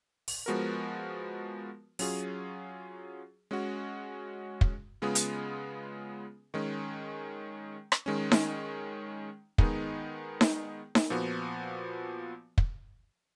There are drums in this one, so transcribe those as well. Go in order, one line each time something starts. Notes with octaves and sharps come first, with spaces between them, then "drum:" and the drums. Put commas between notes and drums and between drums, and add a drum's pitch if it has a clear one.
drum: open hi-hat
F3 G#3 B3 F#4 A#4
F#3 C#4 F4 G#4, drum: open hi-hat
G#3 C#4 F#4
drum: kick
C#3 G#3 B3 F4 G#4
drum: hi-hat
D#3 G#3 C#4
drum: rim click
D#3 G#3 C#4
drum: snare D#4
D#3 G#3 B3 D#4 G#4, drum: kick
drum: snare D#4
drum: snare D#4
A#2 F3 B3 F#4
drum: kick